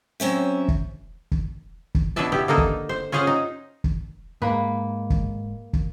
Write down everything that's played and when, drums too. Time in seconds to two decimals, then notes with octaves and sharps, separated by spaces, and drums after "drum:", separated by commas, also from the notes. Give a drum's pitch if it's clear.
0.20 F#3 C4 C#4 E5
0.68 drum: kick
1.31 drum: kick
1.95 drum: kick
2.16 B2 D4 E4 B4 E5 A5
2.32 B3 E4 G4
2.48 D3 A#3 D#4 A4
2.58 drum: kick
2.89 C5
3.12 C#4 F4 G#4 C5 F5 F#5
3.27 D#4
3.84 drum: kick
4.42 G#2 A#3 B4
5.10 drum: kick
5.73 drum: kick